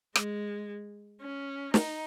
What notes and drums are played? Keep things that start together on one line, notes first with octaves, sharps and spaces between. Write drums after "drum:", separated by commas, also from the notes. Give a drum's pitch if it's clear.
G#3, drum: rim click
C#4
D#4, drum: snare